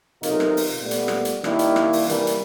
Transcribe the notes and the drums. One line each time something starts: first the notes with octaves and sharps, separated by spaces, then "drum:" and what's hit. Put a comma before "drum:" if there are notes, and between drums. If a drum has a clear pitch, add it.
B1 C3 D#3 D#4 F4 A#4, drum: hi-hat
drum: rim click
drum: open hi-hat
A#2 G3 A3 B3
drum: hi-hat
drum: rim click
drum: hi-hat
D#3 G3 A#3 D4 E4, drum: rim click
drum: hi-hat
drum: rim click
drum: open hi-hat
C3 E3 G3 A#3, drum: hi-hat
drum: hi-hat